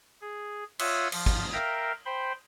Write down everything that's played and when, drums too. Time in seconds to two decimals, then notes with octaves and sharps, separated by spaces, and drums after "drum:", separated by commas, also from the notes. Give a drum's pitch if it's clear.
0.21 G#4
0.79 F4 C#5 E5 F#5 D#6 E6, drum: cymbal
1.12 F3, drum: cymbal
1.26 drum: kick
1.53 A#4 E5 F5 G5 A#5
2.05 C5 G5 B5 C6